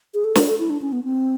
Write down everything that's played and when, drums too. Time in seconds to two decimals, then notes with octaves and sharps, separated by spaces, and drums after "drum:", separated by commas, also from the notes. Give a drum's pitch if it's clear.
0.14 G#4
0.24 A4
0.35 A#4, drum: snare
0.47 A4
0.59 E4
0.70 D4
0.81 C#4
0.92 B3
1.04 C4